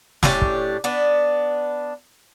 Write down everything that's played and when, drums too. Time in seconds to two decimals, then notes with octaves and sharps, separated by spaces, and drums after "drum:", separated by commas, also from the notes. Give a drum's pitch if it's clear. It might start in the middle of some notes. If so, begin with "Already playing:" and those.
0.23 A2 C#4 D4 G4, drum: snare
0.42 drum: kick
0.84 B3 D4